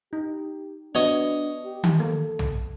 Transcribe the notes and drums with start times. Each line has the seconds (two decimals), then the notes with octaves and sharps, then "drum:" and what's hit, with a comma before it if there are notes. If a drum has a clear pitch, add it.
0.13 D#4 G4
0.95 B3 D4 F#4 C#5 D#5
1.65 G4
1.84 drum: tom D#3
2.00 A#3 A4
2.39 drum: tom